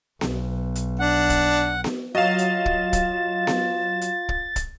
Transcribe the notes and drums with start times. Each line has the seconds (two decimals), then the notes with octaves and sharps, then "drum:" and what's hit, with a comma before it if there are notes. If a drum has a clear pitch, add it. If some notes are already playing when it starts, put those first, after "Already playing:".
0.21 B1, drum: snare B3
0.75 drum: hi-hat
0.99 D4 F#5
1.30 drum: kick, hi-hat
1.84 drum: snare B3
2.15 F#3 F4 D#5 F5 A6 E7
2.38 drum: hi-hat
2.66 drum: kick
2.93 drum: kick, hi-hat
3.47 drum: snare B3
4.01 drum: hi-hat
4.29 drum: kick
4.56 drum: kick, hi-hat